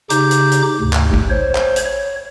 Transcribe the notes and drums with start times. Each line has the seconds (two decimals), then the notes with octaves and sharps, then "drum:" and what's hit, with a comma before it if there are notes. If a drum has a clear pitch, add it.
0.10 C#3 D#4 G4 D6 G6, drum: hi-hat
0.31 drum: hi-hat
0.51 drum: hi-hat
0.81 D2 G#2 C3
0.93 drum: clap
1.14 drum: kick
1.29 C5 C#5
1.55 drum: clap
1.76 drum: hi-hat
1.85 C#5